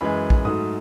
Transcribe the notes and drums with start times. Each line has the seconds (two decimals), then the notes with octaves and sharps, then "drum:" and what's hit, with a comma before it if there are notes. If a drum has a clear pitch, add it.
0.01 F#2 E3 G#3 B5
0.30 drum: kick A#1
0.45 G#2 F#3 A3 D#6